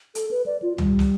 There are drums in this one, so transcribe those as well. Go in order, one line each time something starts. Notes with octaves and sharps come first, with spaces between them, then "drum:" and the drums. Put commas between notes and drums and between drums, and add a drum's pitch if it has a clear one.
A4, drum: hi-hat
B4
D5
F4
G3, drum: tom C#2
drum: snare